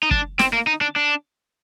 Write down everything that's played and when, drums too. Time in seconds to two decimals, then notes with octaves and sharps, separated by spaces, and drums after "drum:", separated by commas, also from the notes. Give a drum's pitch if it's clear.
0.03 D#4
0.11 D4, drum: kick
0.39 C4, drum: snare
0.53 A#3
0.67 D#4
0.81 D4
0.96 D4